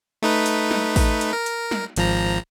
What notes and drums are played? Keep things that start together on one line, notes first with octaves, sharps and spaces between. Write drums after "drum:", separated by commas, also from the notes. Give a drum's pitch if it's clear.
A3 D#4 B4
drum: hi-hat
drum: snare
drum: kick A1, open hi-hat
drum: hi-hat
A#4
drum: hi-hat
drum: snare
G#1 F3 A#5, drum: hi-hat